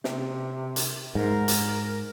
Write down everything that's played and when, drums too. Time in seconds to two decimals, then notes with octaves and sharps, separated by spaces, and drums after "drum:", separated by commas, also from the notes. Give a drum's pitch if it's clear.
0.04 C3, drum: snare
0.76 drum: hi-hat
1.15 G#2 A#4
1.48 drum: hi-hat